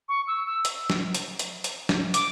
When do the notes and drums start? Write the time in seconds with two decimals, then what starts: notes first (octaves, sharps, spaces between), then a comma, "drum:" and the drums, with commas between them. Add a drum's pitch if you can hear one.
0.09 C#6
0.27 E6
0.46 E6
0.65 drum: hi-hat
0.90 drum: snare
1.14 drum: hi-hat
1.39 drum: hi-hat
1.64 drum: hi-hat
1.89 drum: snare
2.14 D6, drum: hi-hat